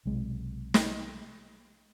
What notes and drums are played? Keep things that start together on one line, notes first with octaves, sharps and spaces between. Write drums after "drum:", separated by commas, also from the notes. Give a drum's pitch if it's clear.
B1 C3 G#3
drum: snare